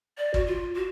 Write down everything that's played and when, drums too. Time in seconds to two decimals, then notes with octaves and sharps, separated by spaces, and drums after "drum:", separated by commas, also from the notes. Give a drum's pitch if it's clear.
0.18 D5
0.34 F#4, drum: kick
0.46 F4
0.75 F#4